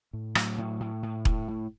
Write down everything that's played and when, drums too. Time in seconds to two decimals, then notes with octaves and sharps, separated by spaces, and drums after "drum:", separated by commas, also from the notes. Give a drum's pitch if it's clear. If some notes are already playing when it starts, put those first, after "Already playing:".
0.13 A2
0.35 A2 F#3, drum: rim click
0.58 A2
0.80 A2
1.03 A2
1.25 A2, drum: kick E1
1.48 A2